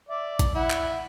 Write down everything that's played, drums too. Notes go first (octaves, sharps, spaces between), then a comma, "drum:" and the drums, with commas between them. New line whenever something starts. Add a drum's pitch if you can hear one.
D5 E5
drum: kick, hi-hat
E4 F#5
drum: clap